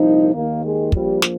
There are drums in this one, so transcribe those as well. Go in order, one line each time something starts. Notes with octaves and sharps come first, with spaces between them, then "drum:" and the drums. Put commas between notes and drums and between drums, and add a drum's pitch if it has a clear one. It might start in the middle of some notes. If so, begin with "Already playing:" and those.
Already playing: C2 A#2 F3 D#4
D#2 D#3 A#3
G#3
A#1 A#2 F3 G3, drum: kick
drum: snare